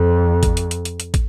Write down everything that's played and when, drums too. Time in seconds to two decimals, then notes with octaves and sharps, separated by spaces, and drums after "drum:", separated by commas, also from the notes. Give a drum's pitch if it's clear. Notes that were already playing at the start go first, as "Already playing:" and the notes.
Already playing: F2
0.43 drum: kick, hi-hat
0.57 drum: hi-hat
0.71 drum: hi-hat
0.85 drum: hi-hat
1.00 drum: hi-hat
1.14 drum: kick, hi-hat